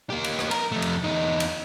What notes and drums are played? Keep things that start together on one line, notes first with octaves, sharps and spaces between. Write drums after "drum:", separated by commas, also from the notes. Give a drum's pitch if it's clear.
A#3 G4
drum: cymbal
drum: rim click
A#4, drum: cymbal
F2 A3
drum: cymbal
E2 D#4
drum: cymbal